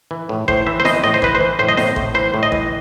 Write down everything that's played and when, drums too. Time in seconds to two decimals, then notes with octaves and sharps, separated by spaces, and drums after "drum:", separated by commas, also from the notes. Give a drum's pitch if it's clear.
0.11 E3
0.29 A2
0.48 A2 C5, drum: kick A1
0.66 E3 E5
0.80 C5
0.85 E3 D#5, drum: snare E4
1.03 A2 D#5
1.14 C5
1.22 E3 B4, drum: kick A1
1.35 C5
1.41 E3
1.59 A2 C5
1.68 D#5
1.77 A2 C5, drum: snare E4
1.96 A2, drum: kick A1
2.14 E3 C5
2.34 A2
2.43 D#5
2.52 E3, drum: kick A1